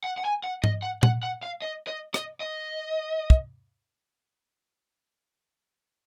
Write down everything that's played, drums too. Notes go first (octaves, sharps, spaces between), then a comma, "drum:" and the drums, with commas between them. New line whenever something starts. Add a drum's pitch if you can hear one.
F#5
F#5
G#5
F#5
D#5, drum: tom G#2
F#5
F#5, drum: tom A#2
F#5
F5
D#5
D#5
D#5, drum: rim click
D#5
drum: kick